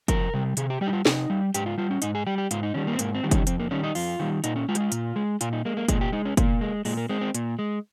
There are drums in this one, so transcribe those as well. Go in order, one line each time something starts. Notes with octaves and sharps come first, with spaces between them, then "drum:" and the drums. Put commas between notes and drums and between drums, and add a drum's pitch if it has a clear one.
F2 A#4, drum: kick, hi-hat
C3 G3
C3 G#4, drum: hi-hat
G4
G3 G4
D#4
F4
C3 D#4, drum: snare
G3
G#2 G4, drum: hi-hat
F4
G3 F4
C#4
G#2 D#4, drum: hi-hat
G#4
G3 G4
G4
G#2 F4, drum: hi-hat
D#4
D#3 G3 C#4
A#3
C4
G#2 A#3, drum: hi-hat
C4
D#3 G3
C#4, drum: kick, hi-hat
F2 C4, drum: hi-hat
A#3
D#3 G3 C#4
D#4
F2 F4, drum: open hi-hat
D#3 G3
A#2 D#4, drum: hi-hat
C#4
G#3 F4
G4, drum: hi-hat
F4
A#2, drum: hi-hat
G#3
A#2 F4, drum: hi-hat
D#4
G#3 A#3
A#3
A#2 G#3, drum: kick, hi-hat
G4
G#3 D#4
C#4
A#2 A#3, drum: kick, hi-hat
G#3
A#2 G#3, drum: open hi-hat
A#3
G#3 C4
C4
A#2, drum: hi-hat
G#3